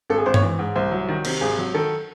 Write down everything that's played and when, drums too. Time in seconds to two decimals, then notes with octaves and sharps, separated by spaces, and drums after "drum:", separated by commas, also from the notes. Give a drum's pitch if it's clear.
0.10 G#1 A4
0.18 G#4
0.26 G#1 C5
0.34 C#5, drum: tom G2
0.42 E3
0.59 G#2
0.75 C2 C5
0.92 F#3
1.08 D#3
1.25 C3, drum: cymbal
1.41 G#1 G#4
1.58 F#3
1.74 D#3 A4